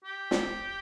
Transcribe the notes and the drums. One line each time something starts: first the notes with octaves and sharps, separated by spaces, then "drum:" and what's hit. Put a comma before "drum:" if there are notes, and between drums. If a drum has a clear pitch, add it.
G4
drum: snare